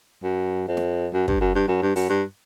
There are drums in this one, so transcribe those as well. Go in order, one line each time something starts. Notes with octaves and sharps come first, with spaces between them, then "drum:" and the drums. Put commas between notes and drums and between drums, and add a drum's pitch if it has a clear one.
F#2
F2
drum: snare
F#2
G2, drum: kick
F#2
G2
F#2
G2
F#2, drum: open hi-hat
G2